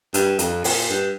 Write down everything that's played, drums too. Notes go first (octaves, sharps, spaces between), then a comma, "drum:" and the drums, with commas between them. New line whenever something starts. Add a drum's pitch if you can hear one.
G2, drum: hi-hat
F2, drum: hi-hat
A#2, drum: open hi-hat
G2